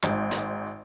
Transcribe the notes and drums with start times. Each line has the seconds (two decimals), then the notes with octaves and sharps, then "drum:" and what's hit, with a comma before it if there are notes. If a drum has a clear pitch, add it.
0.03 G#1 G#2, drum: clap
0.31 drum: snare